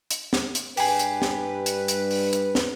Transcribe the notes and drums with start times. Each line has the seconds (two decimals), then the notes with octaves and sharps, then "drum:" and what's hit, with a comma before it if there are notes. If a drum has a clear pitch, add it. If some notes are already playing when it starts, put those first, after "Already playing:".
0.11 drum: hi-hat
0.33 drum: snare
0.55 drum: hi-hat
0.77 G2 G4 G#4 B4, drum: open hi-hat
0.99 drum: hi-hat
1.22 drum: snare
1.66 drum: hi-hat
1.88 drum: hi-hat
2.11 drum: open hi-hat
2.33 drum: hi-hat
2.55 drum: snare